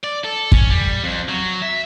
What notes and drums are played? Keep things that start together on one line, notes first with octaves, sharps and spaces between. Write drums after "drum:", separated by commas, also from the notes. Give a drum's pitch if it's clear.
D5
A4
C#4, drum: kick
G3
F2
F#3
E5